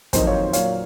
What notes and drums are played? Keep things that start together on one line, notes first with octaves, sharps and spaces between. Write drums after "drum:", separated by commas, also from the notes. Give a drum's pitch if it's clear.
F2 D#3 F#3 C5 D#5, drum: kick, hi-hat
C#5 F5
A#2 F#3 C#5 F5, drum: hi-hat